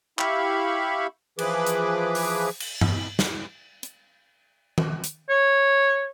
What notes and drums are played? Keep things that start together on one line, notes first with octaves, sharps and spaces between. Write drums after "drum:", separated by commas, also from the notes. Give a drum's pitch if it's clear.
E4 G4 E5 F5 B5 C#6, drum: clap
E3 F3 G#4 B4 D6, drum: cymbal
drum: hi-hat
drum: open hi-hat
drum: cymbal
drum: tom G2
drum: snare
drum: hi-hat
drum: tom D#3
drum: hi-hat
C#5